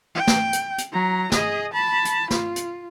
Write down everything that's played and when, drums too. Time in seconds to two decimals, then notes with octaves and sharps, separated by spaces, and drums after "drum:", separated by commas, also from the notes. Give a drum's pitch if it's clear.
0.15 G5
0.27 drum: snare
0.53 drum: hi-hat
0.78 drum: hi-hat
0.92 F#3 A#5
1.32 G#4 D#5, drum: snare
1.73 A5 B5
2.05 drum: hi-hat
2.30 F4, drum: snare
2.56 drum: hi-hat